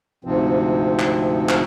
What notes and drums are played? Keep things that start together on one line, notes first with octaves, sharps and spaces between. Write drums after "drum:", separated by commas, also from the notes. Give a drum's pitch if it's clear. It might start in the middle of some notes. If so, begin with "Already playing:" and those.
D2 G#2 C3 F3 C4
drum: clap
drum: clap